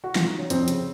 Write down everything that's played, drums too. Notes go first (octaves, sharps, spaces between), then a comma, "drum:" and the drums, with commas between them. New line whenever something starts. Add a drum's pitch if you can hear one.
F#4
F4, drum: snare
D#4
C#4
F2 C4, drum: hi-hat
C#3, drum: hi-hat